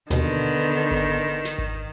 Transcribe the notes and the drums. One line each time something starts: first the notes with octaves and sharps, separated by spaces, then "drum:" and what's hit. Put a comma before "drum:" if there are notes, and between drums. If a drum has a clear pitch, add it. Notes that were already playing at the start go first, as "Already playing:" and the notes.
D#2 B2 D3 D#3 B3, drum: snare
drum: hi-hat
drum: hi-hat
drum: kick G#1
drum: hi-hat
drum: hi-hat
drum: snare
drum: kick G#1, hi-hat